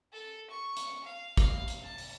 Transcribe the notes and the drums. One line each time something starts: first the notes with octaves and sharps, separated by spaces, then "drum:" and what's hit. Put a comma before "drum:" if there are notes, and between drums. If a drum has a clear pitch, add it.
A4
C#6
drum: hi-hat
F5
F5, drum: kick, hi-hat
drum: hi-hat
A5
drum: open hi-hat